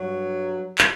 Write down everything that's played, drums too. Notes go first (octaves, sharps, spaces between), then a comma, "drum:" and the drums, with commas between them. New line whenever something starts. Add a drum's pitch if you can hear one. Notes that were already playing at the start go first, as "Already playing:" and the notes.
Already playing: G2 F#3
drum: clap